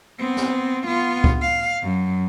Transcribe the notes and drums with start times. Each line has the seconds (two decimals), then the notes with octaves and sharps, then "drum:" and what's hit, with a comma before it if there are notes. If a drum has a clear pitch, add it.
0.20 B3 C4
0.37 drum: snare
0.87 B3 F4
1.24 drum: kick C#2
1.42 F5
1.82 F#2